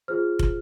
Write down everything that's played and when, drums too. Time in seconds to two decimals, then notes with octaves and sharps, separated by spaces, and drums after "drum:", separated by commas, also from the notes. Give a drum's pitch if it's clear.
0.08 F4 G#4 C5 F6
0.39 drum: kick